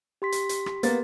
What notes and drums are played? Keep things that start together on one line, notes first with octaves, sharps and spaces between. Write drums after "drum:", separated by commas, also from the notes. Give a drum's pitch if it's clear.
G4 C6 B6
drum: hi-hat
drum: hi-hat
drum: rim click
A#3 B3 A6, drum: hi-hat